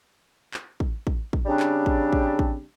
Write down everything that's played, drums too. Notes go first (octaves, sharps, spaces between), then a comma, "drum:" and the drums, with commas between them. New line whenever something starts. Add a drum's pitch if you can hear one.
drum: clap
drum: kick
drum: kick
drum: kick
C#3 G3 C4 D4
drum: clap
drum: kick
drum: kick
drum: kick